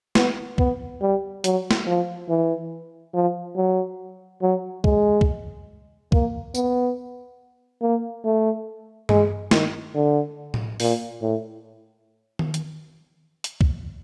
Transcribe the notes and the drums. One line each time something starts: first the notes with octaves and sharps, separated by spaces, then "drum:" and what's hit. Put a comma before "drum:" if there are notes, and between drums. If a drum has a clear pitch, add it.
B3, drum: snare
B3, drum: kick
G3
F#3, drum: hi-hat
drum: snare
F3
E3
F3
F#3
F#3
G#3, drum: kick
drum: kick
A#3, drum: kick
B3, drum: tambourine
A#3
A3
G#3, drum: tom G2
D#3, drum: snare
D3
drum: tom A2
A#2, drum: open hi-hat
A2
drum: tom D#3
drum: hi-hat
drum: hi-hat
drum: kick